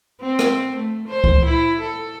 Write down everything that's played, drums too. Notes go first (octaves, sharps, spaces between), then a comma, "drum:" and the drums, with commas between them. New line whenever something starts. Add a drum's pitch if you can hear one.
C4
drum: rim click
A3
C5
drum: kick C#2
E4
A4